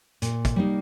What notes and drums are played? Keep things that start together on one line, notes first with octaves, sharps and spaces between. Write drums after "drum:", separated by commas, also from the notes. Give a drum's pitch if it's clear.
A#2, drum: hi-hat
drum: kick, hi-hat
G3 A#3 D#4